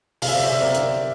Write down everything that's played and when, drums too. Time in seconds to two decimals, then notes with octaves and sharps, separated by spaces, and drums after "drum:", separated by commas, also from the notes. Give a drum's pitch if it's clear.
0.22 C3 F5, drum: open hi-hat
0.29 E5
0.36 D5
0.43 C5 E5
0.61 C4 A#4 D5
0.75 drum: hi-hat